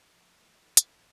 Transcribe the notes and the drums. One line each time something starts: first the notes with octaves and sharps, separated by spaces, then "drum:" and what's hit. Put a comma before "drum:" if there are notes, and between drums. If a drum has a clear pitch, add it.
F3
A3
D#4 E4 G#4
D3 E4, drum: hi-hat
A1